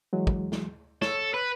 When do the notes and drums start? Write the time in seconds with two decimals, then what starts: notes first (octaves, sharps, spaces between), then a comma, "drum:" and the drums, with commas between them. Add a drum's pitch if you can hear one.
0.13 E3 F#3 G#3
0.27 drum: kick
0.52 drum: snare
1.02 A4 C#5, drum: snare
1.34 B4